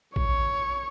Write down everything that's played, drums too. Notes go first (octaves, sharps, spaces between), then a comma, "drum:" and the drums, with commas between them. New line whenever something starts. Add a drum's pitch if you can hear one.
C#5, drum: kick A1